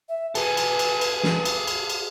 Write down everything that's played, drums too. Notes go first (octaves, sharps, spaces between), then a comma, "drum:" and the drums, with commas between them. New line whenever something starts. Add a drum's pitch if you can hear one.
E5
G#4 A4 B4, drum: cymbal
drum: cymbal
drum: cymbal
drum: cymbal
drum: snare
drum: cymbal
drum: cymbal
drum: cymbal